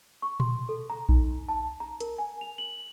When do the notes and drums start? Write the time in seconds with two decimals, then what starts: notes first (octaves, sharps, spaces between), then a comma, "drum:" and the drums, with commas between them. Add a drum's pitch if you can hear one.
0.22 C#6
0.40 C6, drum: tom A#2
0.69 A4
0.90 A#5
1.09 D#4, drum: kick A#1
1.49 A5
1.80 A#5
2.00 A#4, drum: hi-hat
2.18 G#5
2.41 F7
2.58 F#7